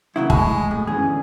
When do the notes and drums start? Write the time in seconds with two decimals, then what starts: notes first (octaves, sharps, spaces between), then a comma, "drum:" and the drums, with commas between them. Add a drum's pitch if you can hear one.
0.16 E2 C#3 F#3 E4 D#6
0.30 A2 G#3 G#5 B5 C#6, drum: kick
0.71 A2
0.87 D3 E3 C#4 G#4